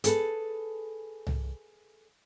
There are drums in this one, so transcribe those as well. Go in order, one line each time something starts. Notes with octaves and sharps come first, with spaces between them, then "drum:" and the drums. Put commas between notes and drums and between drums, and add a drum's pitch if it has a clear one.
G#4 A4 B4, drum: hi-hat
drum: tom